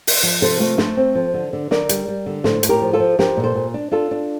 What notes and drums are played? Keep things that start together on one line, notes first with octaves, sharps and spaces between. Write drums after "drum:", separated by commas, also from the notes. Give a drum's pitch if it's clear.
drum: open hi-hat
F3
C3 A4 C5
A3 F4 A4
A3 A4 C5, drum: snare
C4
F3
D3
D3
D3 A#4 D5, drum: snare
G3, drum: hi-hat
G3
D3
A2 A4 C5, drum: snare
A2, drum: hi-hat
G4 A#4
F3
F4 A4
F3
F3 G4 A#4, drum: snare
A#2
A4 C5
A#2
D4
D4 F4 A4
D4